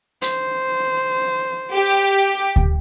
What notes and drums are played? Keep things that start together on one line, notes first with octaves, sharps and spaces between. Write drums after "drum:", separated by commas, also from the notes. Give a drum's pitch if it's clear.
C5, drum: hi-hat
G4
drum: kick D2